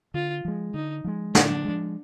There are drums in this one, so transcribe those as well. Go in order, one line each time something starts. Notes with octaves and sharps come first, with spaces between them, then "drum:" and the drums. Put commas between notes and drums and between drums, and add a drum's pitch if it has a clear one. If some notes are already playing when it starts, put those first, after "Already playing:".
D3 F4
F3 G#3
D3 D#4
F3 G#3
D3 D4, drum: snare
F3 G#3